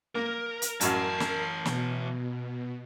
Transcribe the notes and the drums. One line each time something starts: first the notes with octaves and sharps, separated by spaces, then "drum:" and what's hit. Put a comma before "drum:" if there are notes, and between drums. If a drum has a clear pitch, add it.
A#3 A#4
drum: hi-hat
A1 F#2 E3 A#4 A5 C7, drum: hi-hat
drum: snare
B2, drum: snare